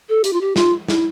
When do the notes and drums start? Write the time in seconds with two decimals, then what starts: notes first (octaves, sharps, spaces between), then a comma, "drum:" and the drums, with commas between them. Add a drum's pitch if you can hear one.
0.09 A4
0.24 G4, drum: hi-hat
0.33 F4
0.41 G4
0.56 F4, drum: snare
0.88 E4, drum: snare